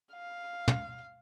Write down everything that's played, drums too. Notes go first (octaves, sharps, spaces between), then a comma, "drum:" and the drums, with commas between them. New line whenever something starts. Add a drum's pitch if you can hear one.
F5
drum: tom